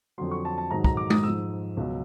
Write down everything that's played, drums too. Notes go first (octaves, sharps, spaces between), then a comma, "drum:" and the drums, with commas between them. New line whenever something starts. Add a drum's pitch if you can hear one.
F2 D3 F#3 C6
C#6
A5
A5
G#2 D#3 F#3 A#5
A#5, drum: kick
D6
D#6, drum: tom G#3
G#2 F3 E6
C#2 B2 F#3